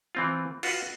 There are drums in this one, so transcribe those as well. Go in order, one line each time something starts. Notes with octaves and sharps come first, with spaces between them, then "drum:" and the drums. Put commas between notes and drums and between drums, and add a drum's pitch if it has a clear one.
E3 C4 F4
F4 F#4 B4 F#5, drum: cymbal